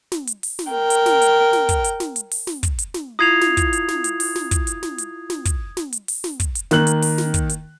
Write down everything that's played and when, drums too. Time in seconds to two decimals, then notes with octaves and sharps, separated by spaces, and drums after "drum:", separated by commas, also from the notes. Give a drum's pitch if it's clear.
0.12 drum: snare
0.27 drum: hi-hat
0.43 drum: open hi-hat
0.59 drum: snare
0.71 A#4 G5
0.90 drum: hi-hat
1.06 drum: snare
1.22 drum: hi-hat
1.53 drum: snare
1.69 drum: kick, hi-hat
1.84 drum: hi-hat
2.00 drum: snare
2.16 drum: hi-hat
2.31 drum: open hi-hat
2.47 drum: snare
2.63 drum: kick, hi-hat
2.79 drum: hi-hat
2.94 drum: snare
3.19 E4 F4 D#6 G#6 C7 F7
3.41 drum: snare
3.57 drum: kick, hi-hat
3.73 drum: hi-hat
3.88 drum: snare
4.04 drum: hi-hat
4.20 drum: open hi-hat
4.36 drum: snare
4.51 drum: kick, hi-hat
4.67 drum: hi-hat
4.83 drum: snare
4.98 drum: hi-hat
5.30 drum: snare
5.45 drum: kick, hi-hat
5.77 drum: snare
5.92 drum: hi-hat
6.08 drum: open hi-hat
6.24 drum: snare
6.40 drum: kick, hi-hat
6.55 drum: hi-hat
6.71 D#3 A#3 F#6 F#7, drum: snare
6.87 drum: hi-hat
7.02 drum: open hi-hat
7.18 drum: snare
7.34 drum: kick, hi-hat
7.49 drum: hi-hat